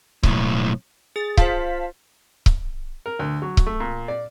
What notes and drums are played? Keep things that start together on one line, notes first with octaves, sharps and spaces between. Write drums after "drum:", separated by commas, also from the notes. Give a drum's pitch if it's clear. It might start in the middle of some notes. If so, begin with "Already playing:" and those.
B1 A2, drum: kick C#1
G#4 A6
F4 C5 F5 A5 B6, drum: kick C#1
drum: kick C#1
A#4
D2
F#3
drum: kick C#1
A3
A#2
D5